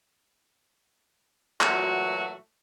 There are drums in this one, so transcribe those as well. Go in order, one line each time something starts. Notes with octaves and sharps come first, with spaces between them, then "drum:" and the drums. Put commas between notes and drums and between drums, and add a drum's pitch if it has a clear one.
A#2 E3 F#3 A3 F#4, drum: clap